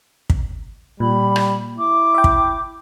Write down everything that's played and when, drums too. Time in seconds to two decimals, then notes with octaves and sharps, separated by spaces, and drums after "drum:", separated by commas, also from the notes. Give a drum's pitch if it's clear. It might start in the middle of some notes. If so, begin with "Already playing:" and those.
0.30 drum: kick
1.00 A#2 G3 B5
1.36 drum: rim click
1.78 E4 D6
2.14 E5 G5
2.24 drum: kick